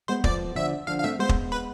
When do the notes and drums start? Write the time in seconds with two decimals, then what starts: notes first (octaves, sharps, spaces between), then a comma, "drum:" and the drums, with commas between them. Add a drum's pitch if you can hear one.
0.08 G#3 B3 C5
0.24 F3 A3 D5, drum: kick
0.55 D3 F3 E5
0.87 D3 F3 F5
0.99 F5
1.04 A3 C4 E5
1.19 G#3 B3 C5
1.29 drum: kick
1.52 B4